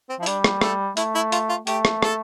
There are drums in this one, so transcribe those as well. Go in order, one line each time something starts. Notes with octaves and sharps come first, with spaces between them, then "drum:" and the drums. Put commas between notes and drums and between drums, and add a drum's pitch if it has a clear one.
C4
F3
E4
G3 D4, drum: hi-hat
drum: rim click
A3, drum: rim click
A3 E4, drum: hi-hat
E4
F4, drum: hi-hat
F4
A3 G4, drum: hi-hat
drum: rim click
A4, drum: rim click